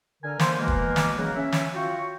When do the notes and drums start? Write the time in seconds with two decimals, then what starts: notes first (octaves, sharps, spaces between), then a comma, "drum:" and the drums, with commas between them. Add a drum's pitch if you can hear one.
0.23 D3 A#4 G#5
0.39 A#3 C5, drum: snare
0.58 B2 E3 G#3 A#3
0.68 drum: kick
0.96 drum: snare
1.18 C#3 E3 F#3 A#3 F#4 A#4
1.36 C#4 E5
1.52 drum: snare
1.75 F4 F#4 C#5 G5 C#6